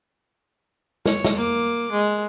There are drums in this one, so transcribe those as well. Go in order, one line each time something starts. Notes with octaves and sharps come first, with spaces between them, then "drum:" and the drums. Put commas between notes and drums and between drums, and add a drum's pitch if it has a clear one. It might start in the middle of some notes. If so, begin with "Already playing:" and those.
C#5, drum: snare
drum: snare
A#3 D6
G#3